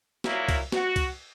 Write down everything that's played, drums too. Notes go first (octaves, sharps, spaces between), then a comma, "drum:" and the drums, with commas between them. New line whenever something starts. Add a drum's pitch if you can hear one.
A#2 F#3 A#3 E4, drum: snare
drum: kick C2, cymbal
F#4, drum: snare
drum: kick C2, cymbal